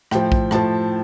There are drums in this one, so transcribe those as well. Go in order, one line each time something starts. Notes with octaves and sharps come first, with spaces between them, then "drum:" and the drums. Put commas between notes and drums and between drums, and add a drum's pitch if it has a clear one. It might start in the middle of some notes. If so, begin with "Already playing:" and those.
A2 F3 G5, drum: rim click
drum: kick A#1
A2 F3 A5, drum: rim click